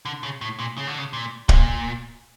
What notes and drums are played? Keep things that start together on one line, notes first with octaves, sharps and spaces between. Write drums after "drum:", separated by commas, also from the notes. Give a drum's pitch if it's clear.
D3
C#3
A2
A#2
C#3
D3
C#3
A#2
A#2, drum: kick